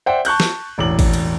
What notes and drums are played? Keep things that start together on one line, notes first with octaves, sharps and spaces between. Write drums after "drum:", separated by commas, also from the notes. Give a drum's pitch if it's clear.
C5 D5 E5 F#5 G5
A5 C#6 F#6 G6, drum: cymbal
drum: snare
E1 A1 D6 F#7
drum: kick A1, cymbal
drum: cymbal